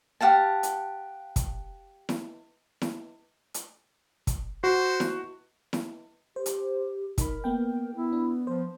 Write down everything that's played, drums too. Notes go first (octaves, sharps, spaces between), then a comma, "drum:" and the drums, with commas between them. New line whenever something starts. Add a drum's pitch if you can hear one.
G4 F5 F#5 A5
drum: hi-hat
drum: kick, hi-hat
drum: snare E4
drum: snare E4
drum: hi-hat
drum: kick, hi-hat
F#4 C5
drum: snare E4
drum: snare E4
G4 C5
drum: hi-hat
D#4 A#4 B5, drum: kick, hi-hat
A#3 B3 G5
B3 E4
D4
F3 C5